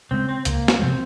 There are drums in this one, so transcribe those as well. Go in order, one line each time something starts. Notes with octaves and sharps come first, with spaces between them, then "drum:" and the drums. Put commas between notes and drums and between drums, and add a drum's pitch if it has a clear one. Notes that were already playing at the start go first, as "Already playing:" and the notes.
C#3 G#3 C4
C4
C#2 A#3, drum: hi-hat
drum: snare
C3 F3 G#3 C4